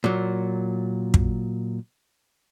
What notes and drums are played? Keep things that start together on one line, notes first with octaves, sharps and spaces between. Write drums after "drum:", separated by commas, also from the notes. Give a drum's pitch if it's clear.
A#2 F#3
drum: kick